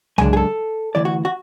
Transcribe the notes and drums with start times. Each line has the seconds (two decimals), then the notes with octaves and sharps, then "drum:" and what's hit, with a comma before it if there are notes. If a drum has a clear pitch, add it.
0.18 F#2 C#3 G#3 D4 G#5, drum: tom C2
0.33 G#4
0.37 A4
0.95 D2 C#3 E3 D5
1.05 F#4
1.25 F#4